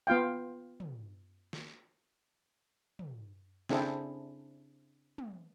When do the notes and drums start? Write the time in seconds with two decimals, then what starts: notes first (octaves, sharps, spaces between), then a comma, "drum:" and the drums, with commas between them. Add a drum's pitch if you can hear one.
0.07 B3 F4 F5 G5
0.80 drum: tom
1.53 drum: snare
2.99 drum: tom
3.69 C#3 C4 D4 E4 G#4 A4, drum: snare
5.18 drum: tom